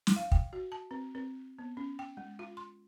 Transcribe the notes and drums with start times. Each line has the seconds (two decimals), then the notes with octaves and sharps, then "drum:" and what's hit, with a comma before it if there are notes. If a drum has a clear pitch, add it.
0.07 drum: snare
0.16 F5
0.32 G5, drum: kick
0.53 F#4
0.72 A5
0.91 C4
1.15 C4
1.59 B3
1.77 C#4
1.99 G5
2.17 G#3
2.39 F4
2.57 C6